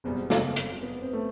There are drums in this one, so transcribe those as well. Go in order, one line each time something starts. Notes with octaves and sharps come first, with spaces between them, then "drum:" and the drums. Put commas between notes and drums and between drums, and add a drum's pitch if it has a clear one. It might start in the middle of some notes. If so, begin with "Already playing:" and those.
F#1 E2 B2 G3 C4
drum: snare
drum: hi-hat
B3
C4
A3